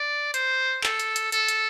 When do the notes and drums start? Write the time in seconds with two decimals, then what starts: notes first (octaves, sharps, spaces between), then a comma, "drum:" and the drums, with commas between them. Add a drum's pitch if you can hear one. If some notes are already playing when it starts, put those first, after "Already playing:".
Already playing: D5
0.34 C5, drum: hi-hat
0.84 A4, drum: clap
1.00 drum: hi-hat
1.16 drum: hi-hat
1.32 A4, drum: hi-hat
1.48 drum: hi-hat